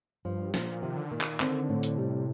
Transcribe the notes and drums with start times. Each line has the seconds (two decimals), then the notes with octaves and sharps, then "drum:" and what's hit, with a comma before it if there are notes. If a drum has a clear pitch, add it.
0.25 G2 F3
0.54 A#2 F3, drum: snare
0.82 C3 D#3
0.97 D3
1.11 A#2 D#3
1.21 C3, drum: clap
1.26 A#2
1.40 D3 C4, drum: clap
1.69 A2
1.83 drum: hi-hat
1.98 C3 G3